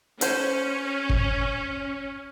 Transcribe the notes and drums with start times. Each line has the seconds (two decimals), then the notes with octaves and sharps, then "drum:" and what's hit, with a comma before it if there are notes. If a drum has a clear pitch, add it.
0.21 C#4 A4 C5, drum: hi-hat
1.09 drum: kick